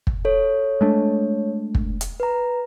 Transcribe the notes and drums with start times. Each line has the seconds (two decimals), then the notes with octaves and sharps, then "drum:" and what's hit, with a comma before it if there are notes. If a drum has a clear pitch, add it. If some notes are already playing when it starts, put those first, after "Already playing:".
0.07 drum: kick
0.25 A4 C#5
0.81 G#3 A3 D4
1.75 drum: kick
2.01 drum: hi-hat
2.20 B4 A#5